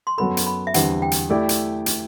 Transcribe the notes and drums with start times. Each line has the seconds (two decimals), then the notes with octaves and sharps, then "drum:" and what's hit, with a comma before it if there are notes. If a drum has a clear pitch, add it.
0.07 C6
0.18 F#2 F#3 B3 F#4 A4 B5
0.37 drum: hi-hat
0.47 B5
0.67 E5
0.74 E2 D3 G3 C4 E4 F#5, drum: hi-hat
1.02 G5
1.12 drum: hi-hat
1.30 A3 E4 G4 D5
1.49 drum: hi-hat
1.86 drum: hi-hat